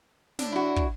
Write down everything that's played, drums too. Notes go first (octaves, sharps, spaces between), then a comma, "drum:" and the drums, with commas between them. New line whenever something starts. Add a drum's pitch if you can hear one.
A2 D4, drum: snare
E4 F#4
drum: kick